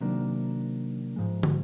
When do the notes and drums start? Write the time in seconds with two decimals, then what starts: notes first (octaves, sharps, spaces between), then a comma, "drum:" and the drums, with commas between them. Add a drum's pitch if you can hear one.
0.01 C3 D#3 F#3 A#3 D4
1.16 G#2 F3 G#3
1.43 drum: tom